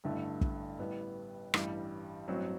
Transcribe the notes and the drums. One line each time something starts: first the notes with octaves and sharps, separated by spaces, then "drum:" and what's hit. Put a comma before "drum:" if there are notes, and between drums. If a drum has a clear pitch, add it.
A1 G2 D3 A3 E4
drum: kick
A1 A2 G3 B3
A1 G2 E3 G3, drum: rim click
A1 G2 F#3 C4 F#4